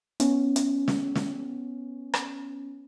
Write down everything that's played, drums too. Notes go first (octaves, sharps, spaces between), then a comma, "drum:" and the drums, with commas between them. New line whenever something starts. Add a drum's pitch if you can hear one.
B3 C#4, drum: hi-hat
drum: hi-hat
drum: snare
drum: snare
drum: rim click